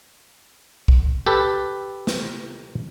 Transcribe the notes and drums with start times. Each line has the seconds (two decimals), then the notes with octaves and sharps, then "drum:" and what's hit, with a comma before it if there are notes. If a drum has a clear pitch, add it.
0.88 drum: kick
1.26 G4 A4 B4
2.07 drum: snare